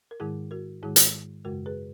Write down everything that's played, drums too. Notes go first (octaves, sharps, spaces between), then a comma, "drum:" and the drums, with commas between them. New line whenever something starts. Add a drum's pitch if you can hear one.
A#4
G#2 D#3 G#3 E4 G#4
F#4 A#4
G#2 D#3 G#3 E4 G#4
drum: hi-hat
F#2 C#3 G#3 F#4 A#4
G#4 B4